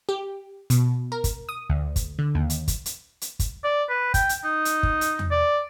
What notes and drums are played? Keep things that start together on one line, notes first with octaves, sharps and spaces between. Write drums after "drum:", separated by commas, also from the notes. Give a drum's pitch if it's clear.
G4
B2, drum: hi-hat
A#4
drum: kick, hi-hat
D#6
D2
drum: kick, hi-hat
D3
D#2
drum: hi-hat
drum: kick, hi-hat
drum: hi-hat
drum: hi-hat
drum: kick, hi-hat
D5
B4
G5, drum: kick, hi-hat
drum: hi-hat
D#4
drum: hi-hat
drum: kick
drum: hi-hat
drum: tom E2
D5